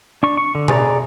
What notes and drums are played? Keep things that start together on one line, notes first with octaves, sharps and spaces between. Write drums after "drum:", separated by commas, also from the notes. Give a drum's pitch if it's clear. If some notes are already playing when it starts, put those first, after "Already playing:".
D4 C#6
C#6
D3
G#4 D5 A#5, drum: tom B2